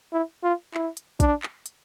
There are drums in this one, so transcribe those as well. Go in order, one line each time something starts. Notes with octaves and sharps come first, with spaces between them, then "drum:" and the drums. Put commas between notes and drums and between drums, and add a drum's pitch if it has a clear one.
E4
F4
E4, drum: clap
drum: hi-hat
D4, drum: kick, hi-hat
drum: clap
drum: hi-hat